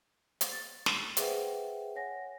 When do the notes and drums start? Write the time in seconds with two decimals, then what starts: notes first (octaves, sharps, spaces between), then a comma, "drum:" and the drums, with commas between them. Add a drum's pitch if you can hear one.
0.41 drum: hi-hat
0.52 A6
0.86 drum: snare
1.17 G#4 B4 C5 E5 F#5 G5, drum: hi-hat
1.96 C#5 F#5 G#5 A#6